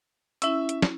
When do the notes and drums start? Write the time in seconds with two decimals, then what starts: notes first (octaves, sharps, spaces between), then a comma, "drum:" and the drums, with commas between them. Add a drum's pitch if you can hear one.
0.42 C#4 E4 E5 E6, drum: hi-hat
0.69 drum: hi-hat
0.82 drum: snare